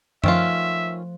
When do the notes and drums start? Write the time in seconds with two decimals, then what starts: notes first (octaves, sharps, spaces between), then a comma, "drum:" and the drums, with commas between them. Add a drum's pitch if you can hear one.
0.24 D#3 F3 A3 C#4 F4 E5 F#6, drum: tom F#2